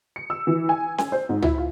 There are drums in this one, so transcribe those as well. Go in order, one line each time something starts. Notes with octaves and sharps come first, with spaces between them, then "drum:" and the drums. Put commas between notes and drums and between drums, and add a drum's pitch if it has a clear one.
C#7
E6
E3
G#5
G#5, drum: snare C#4
C5
G#2
E4, drum: tom
F4